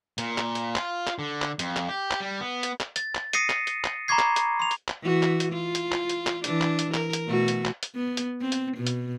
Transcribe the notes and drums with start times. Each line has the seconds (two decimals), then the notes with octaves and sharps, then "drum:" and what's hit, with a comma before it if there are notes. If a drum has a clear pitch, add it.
0.18 A#2, drum: hi-hat
0.38 drum: clap
0.55 drum: hi-hat
0.76 F4, drum: clap
1.07 drum: clap
1.19 D3
1.42 drum: clap
1.59 F2, drum: hi-hat
1.77 drum: clap
1.89 G4
2.11 drum: clap
2.20 G3
2.41 B3
2.63 drum: hi-hat
2.80 drum: clap
2.96 A6, drum: hi-hat
3.15 drum: clap
3.33 D#6 A#6 C7 C#7 D#7, drum: hi-hat
3.50 drum: clap
3.67 drum: hi-hat
3.84 drum: clap
4.08 A#5 B5 C#6 D6 G#6 C7
4.19 drum: clap
4.36 drum: hi-hat
4.60 C6 F7
4.71 drum: hi-hat
4.88 drum: clap
5.01 E3 F#4
5.23 drum: clap
5.40 drum: hi-hat
5.53 F4
5.75 drum: hi-hat
5.92 drum: clap
6.09 drum: hi-hat
6.27 drum: clap
6.44 E3 D4, drum: hi-hat
6.61 drum: clap
6.79 drum: hi-hat
6.94 A#4, drum: clap
7.13 drum: hi-hat
7.27 B2 A3 F#4
7.48 drum: hi-hat
7.65 drum: clap
7.83 drum: hi-hat
7.95 B3
8.17 drum: hi-hat
8.41 C4
8.52 drum: hi-hat
8.77 B2
8.87 drum: hi-hat